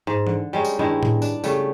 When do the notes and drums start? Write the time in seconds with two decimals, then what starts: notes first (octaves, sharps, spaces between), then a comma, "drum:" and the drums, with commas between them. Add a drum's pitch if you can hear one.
0.07 G#2
0.27 D3, drum: tom E3
0.53 G3 G#3 C#4 D#4
0.65 drum: tambourine
0.79 G2 D#3 G#3 E4
1.03 drum: tom A2
1.22 D4, drum: tambourine
1.44 C#3 G3 A3, drum: tambourine